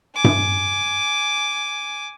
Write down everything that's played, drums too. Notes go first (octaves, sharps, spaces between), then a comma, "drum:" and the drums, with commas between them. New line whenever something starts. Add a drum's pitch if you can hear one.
G#5 D6
drum: tom G2